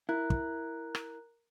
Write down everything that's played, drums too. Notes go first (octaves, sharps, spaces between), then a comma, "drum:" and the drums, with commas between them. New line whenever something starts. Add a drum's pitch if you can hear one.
E4 A#4 A#5 F#6
drum: kick
drum: rim click